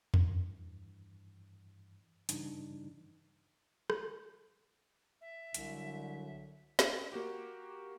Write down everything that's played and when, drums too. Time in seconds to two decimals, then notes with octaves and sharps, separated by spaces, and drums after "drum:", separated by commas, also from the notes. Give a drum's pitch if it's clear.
0.14 G2 E3, drum: tom E2
2.29 G2 C#3 E3 G3 D4 D#4, drum: hi-hat
3.90 drum: rim click
5.21 E5
5.54 C2 D3 F#3, drum: hi-hat
6.79 drum: snare
7.12 A#3 F#4 G4